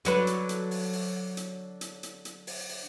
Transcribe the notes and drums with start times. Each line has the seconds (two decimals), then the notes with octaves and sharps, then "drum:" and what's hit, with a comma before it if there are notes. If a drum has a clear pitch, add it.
0.05 D3 F#3 B4, drum: hi-hat
0.27 drum: hi-hat
0.49 drum: hi-hat
0.71 drum: open hi-hat
0.93 drum: open hi-hat
1.37 drum: hi-hat
1.81 drum: hi-hat
2.03 drum: hi-hat
2.25 drum: hi-hat
2.47 drum: open hi-hat
2.69 drum: open hi-hat